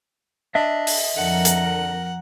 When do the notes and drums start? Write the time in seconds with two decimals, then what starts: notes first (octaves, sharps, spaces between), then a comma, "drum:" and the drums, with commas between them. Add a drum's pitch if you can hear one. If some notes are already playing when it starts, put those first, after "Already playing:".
0.55 D4 D#5 E5
0.87 drum: open hi-hat
1.16 F2 D3 A#4 F#5
1.45 drum: hi-hat